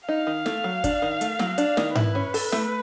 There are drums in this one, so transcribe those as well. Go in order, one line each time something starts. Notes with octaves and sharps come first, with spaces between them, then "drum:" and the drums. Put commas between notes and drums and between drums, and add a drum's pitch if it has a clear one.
D#4 F5
D#3
A3, drum: snare
F#3
D4, drum: kick, hi-hat
D#3
A3, drum: hi-hat
F#3, drum: snare
D4, drum: hi-hat
D#3, drum: snare
E4 B4, drum: tom G#2
C#4
A4, drum: open hi-hat
A3, drum: snare